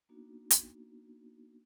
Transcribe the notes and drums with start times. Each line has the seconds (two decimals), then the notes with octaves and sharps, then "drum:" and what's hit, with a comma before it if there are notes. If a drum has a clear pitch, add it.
0.09 A#3 B3 D4 D#4 F#4
0.51 drum: hi-hat